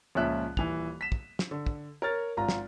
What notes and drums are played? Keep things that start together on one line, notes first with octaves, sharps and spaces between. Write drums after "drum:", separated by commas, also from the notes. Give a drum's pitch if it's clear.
C#2 A#2 F3 C#4 E5 F#6
D#1 E3 F7, drum: kick
B6 E7
drum: kick
drum: snare
D3
drum: kick
A#4 C#5 F6 A6
G#1 F4 A#5
drum: snare